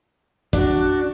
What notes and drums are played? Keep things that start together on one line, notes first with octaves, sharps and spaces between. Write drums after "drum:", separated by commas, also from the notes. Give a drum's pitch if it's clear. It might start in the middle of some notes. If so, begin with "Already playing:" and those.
D4 F#4, drum: kick, hi-hat